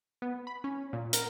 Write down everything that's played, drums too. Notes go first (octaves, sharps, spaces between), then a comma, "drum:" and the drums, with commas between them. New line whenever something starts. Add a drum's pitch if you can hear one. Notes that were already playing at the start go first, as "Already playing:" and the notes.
B3
B5
C#4
A#2
A#4, drum: hi-hat